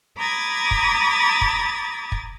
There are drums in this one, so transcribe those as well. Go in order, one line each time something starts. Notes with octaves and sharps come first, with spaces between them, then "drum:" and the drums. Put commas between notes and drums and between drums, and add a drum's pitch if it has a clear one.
A#5 B5 D6 D#6 G#6 A6
drum: kick
drum: kick
drum: kick